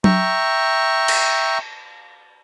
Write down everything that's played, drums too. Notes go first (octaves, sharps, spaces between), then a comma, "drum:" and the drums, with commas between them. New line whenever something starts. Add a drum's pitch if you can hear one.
E5 G5 A#5 C#6, drum: tom F#3
drum: cymbal